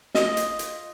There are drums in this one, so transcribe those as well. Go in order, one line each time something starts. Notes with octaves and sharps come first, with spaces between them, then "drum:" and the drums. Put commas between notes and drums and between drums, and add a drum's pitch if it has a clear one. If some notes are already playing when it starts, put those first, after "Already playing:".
F4 D#5, drum: snare
drum: hi-hat
drum: hi-hat